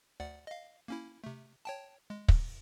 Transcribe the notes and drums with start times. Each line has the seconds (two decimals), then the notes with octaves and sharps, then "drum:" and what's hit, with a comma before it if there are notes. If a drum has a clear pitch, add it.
0.20 D2 D5 F#5
0.47 D#5 F5
0.88 A#3 C#4 E4
1.24 C3 A3
1.65 C#5 G5 A5
2.10 G#3
2.28 drum: kick